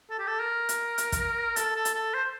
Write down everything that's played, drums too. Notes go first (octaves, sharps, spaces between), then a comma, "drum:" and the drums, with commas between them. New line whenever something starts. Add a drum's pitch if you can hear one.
A4
G4
A4
A#4
drum: hi-hat
drum: hi-hat
drum: kick, hi-hat
A4, drum: hi-hat
A4
drum: hi-hat
A4
C5